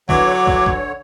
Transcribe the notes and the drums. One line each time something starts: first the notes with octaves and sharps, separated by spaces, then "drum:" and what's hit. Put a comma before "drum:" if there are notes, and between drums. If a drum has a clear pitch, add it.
D3 E3 F#3 C#5 D6, drum: kick
drum: kick
drum: kick